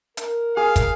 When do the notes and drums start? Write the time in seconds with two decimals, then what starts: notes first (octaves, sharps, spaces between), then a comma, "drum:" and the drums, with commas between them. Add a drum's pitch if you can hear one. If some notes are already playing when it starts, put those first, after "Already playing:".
0.17 A#4, drum: hi-hat
0.57 G#4 F5
0.76 drum: kick, hi-hat